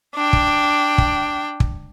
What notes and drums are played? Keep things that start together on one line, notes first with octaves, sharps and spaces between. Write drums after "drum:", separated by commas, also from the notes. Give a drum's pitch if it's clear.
D4 G5
drum: kick
drum: kick
drum: kick